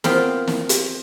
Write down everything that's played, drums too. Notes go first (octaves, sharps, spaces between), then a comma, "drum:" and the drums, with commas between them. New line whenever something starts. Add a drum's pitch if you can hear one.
B3 C4 F4 A#4 C5, drum: snare
drum: snare
drum: hi-hat